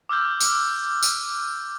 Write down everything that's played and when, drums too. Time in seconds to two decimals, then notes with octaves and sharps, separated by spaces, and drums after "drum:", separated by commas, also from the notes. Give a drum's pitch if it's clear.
0.09 D6 E6 F6 G6
0.40 drum: tambourine
1.03 drum: tambourine